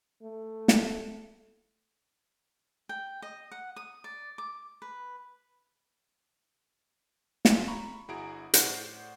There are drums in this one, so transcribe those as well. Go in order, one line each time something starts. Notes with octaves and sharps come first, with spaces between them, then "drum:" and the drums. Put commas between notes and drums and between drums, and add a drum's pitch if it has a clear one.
A3
drum: snare
G5
D#5
F#5
D#6
D5
D6
B4
F2 G#3 F4 F5, drum: snare
A#5 B5 C#6
G1 E4 F#4 G#4 A#5 D7
A2 C5 D5 F#5 G6 C7, drum: hi-hat